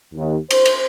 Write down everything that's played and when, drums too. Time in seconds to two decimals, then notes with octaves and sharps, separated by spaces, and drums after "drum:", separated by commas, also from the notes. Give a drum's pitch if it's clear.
0.15 D#2
0.51 C5, drum: cymbal
0.66 drum: cymbal